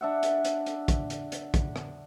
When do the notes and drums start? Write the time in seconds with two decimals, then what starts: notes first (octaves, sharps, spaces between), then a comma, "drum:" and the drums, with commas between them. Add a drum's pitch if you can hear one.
0.01 D4 E5 F#5
0.23 drum: hi-hat
0.45 drum: hi-hat
0.66 drum: hi-hat
0.88 drum: kick, hi-hat
1.10 drum: hi-hat
1.32 drum: hi-hat
1.54 drum: kick, hi-hat
1.76 drum: rim click